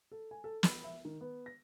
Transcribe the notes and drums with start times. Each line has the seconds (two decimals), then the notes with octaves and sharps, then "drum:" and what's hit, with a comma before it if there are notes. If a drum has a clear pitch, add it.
0.12 A4
0.31 G#5
0.44 A4
0.63 B5, drum: snare
0.84 E5
1.05 D#3
1.21 B3
1.46 A#6